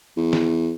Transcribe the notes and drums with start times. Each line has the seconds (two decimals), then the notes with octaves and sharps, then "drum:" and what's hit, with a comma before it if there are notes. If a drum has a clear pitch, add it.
0.17 E2
0.33 drum: snare